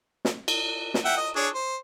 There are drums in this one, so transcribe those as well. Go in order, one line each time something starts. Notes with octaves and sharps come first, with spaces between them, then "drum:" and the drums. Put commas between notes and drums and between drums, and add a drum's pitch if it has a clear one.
drum: snare
drum: cymbal
drum: snare
E5 F#5 G5
D#5
D4 G#4 C#5
C5